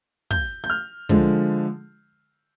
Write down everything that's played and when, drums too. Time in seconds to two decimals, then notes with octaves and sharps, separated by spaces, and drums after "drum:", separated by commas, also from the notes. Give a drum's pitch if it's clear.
0.31 G6, drum: kick
0.64 G6
0.70 F6
1.09 D3 F3 G#3, drum: kick